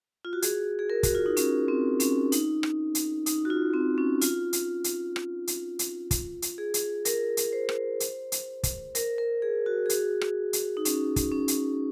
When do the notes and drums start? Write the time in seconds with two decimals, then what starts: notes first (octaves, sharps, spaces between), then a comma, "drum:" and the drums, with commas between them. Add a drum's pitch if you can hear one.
0.25 F4
0.33 F#4
0.42 G#4, drum: hi-hat
0.79 G#4
0.90 A#4
1.03 F#4, drum: kick, hi-hat
1.15 F4
1.26 D#4
1.37 C#4, drum: hi-hat
1.68 C4
2.00 C#4, drum: hi-hat
2.32 D#4, drum: hi-hat
2.63 drum: rim click
2.95 drum: hi-hat
3.26 D#4, drum: hi-hat
3.45 F#4
3.50 F4
3.74 C4
3.98 C#4
4.21 F4, drum: hi-hat
4.53 drum: hi-hat
4.84 drum: hi-hat
5.16 drum: rim click
5.47 drum: hi-hat
5.79 drum: hi-hat
6.11 drum: kick, hi-hat
6.42 drum: hi-hat
6.58 G#4
6.74 drum: hi-hat
7.05 A#4, drum: hi-hat
7.37 drum: hi-hat
7.53 C5
7.69 drum: rim click
8.00 drum: hi-hat
8.32 drum: hi-hat
8.63 drum: kick, hi-hat
8.95 A#4, drum: hi-hat
9.18 A#4
9.42 G#4
9.66 F#4
9.86 G#4
9.89 F#4, drum: hi-hat
10.21 drum: rim click
10.53 drum: hi-hat
10.77 D#4
10.85 C#4, drum: hi-hat
11.16 drum: kick, hi-hat
11.32 C#4
11.48 drum: hi-hat